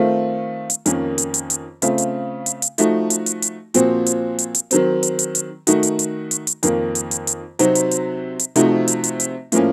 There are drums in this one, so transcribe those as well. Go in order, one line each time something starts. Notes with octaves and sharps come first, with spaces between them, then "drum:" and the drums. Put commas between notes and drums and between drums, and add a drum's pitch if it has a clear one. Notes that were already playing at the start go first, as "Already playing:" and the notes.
Already playing: D#3 A3 C4 F4
drum: hi-hat
F2 D#3 A#3 C#4, drum: hi-hat
drum: hi-hat
drum: hi-hat
drum: hi-hat
C#3 A3 C4 F4, drum: hi-hat
drum: hi-hat
drum: hi-hat
drum: hi-hat
F3 A3 D#4 F#4, drum: hi-hat
drum: hi-hat
drum: hi-hat
drum: hi-hat
A#2 F3 C4 F#4, drum: hi-hat
drum: hi-hat
drum: hi-hat
drum: hi-hat
D#3 F#3 C4, drum: hi-hat
drum: hi-hat
drum: hi-hat
drum: hi-hat
D#3 A3 D#4 F#4, drum: hi-hat
drum: hi-hat
drum: hi-hat
drum: hi-hat
drum: hi-hat
F2 D#3 A#3, drum: hi-hat
drum: hi-hat
drum: hi-hat
drum: hi-hat
C3 F#3 C4 D#4 F#4, drum: hi-hat
drum: hi-hat
drum: hi-hat
drum: hi-hat
C3 F3 A3 D#4 F#4, drum: hi-hat
drum: hi-hat
drum: hi-hat
drum: hi-hat
A2 F3 A#3 C#4, drum: hi-hat